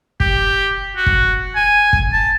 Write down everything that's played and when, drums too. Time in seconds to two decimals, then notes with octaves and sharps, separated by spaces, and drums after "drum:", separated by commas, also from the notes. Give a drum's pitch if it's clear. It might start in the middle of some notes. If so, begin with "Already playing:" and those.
0.20 G4, drum: kick
0.97 F#4
1.06 drum: kick
1.55 G#5
1.93 drum: kick
2.13 A5